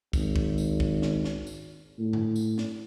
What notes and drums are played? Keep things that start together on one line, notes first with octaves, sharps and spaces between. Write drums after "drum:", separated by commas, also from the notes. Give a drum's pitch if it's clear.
G#1, drum: kick, tambourine
drum: kick
drum: tambourine
drum: kick
drum: snare
drum: snare
drum: tambourine
A2
drum: tom G2
drum: tambourine
drum: snare